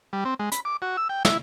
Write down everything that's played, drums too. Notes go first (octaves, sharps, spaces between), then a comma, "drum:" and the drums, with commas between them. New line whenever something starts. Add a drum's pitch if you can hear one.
G3
C4
G#3
B5, drum: hi-hat
D6
F#4
E6
G5
E4, drum: snare